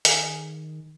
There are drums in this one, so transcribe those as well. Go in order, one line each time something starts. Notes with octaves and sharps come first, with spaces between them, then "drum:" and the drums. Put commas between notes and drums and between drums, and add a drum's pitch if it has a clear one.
D#3 G#4 F5, drum: hi-hat